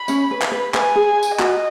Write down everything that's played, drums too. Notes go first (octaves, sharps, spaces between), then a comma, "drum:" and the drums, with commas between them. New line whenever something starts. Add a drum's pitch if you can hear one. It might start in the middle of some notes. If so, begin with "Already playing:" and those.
Already playing: B5
C#4 C#5, drum: tambourine
B4
drum: clap
B4
B4 G#5, drum: clap
G#4
drum: tambourine
F#4 D#5, drum: clap